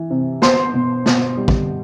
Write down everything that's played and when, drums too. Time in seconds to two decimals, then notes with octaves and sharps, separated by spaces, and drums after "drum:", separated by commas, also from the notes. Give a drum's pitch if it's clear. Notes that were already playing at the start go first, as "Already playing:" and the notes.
Already playing: E3
0.10 C3
0.42 B3 C5 C6, drum: snare
0.74 B2
1.06 B2, drum: snare
1.37 G3
1.48 drum: kick